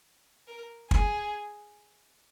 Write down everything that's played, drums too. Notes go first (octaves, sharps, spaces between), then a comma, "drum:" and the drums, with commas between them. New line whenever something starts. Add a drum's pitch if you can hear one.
A#4
G#4, drum: kick